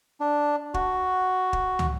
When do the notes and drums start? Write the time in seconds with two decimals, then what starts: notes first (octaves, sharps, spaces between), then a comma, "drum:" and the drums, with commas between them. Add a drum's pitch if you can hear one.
0.20 D4
0.74 F#4, drum: kick
1.53 drum: kick
1.79 drum: tom